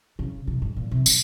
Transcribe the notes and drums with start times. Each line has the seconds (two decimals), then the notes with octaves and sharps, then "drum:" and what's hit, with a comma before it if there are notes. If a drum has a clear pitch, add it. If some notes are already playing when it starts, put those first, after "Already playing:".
0.19 C#3
0.47 C3
0.62 G#2
0.76 A#2
0.91 C3
1.06 D#3, drum: tambourine